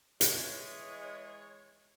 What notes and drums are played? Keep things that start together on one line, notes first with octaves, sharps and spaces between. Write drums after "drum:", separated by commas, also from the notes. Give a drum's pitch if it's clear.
E3 G#3 C#5, drum: hi-hat